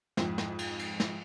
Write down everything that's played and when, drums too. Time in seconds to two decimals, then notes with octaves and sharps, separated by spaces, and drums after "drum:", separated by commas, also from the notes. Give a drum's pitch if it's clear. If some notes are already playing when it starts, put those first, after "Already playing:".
0.17 F2 G#2, drum: snare
0.38 drum: snare
0.59 drum: cymbal
0.79 drum: cymbal
1.00 drum: snare